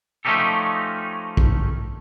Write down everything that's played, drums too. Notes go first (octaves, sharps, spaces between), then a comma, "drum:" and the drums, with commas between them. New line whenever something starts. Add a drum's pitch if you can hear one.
F3 A3 C#4 D#4 G4 A4
drum: kick A#1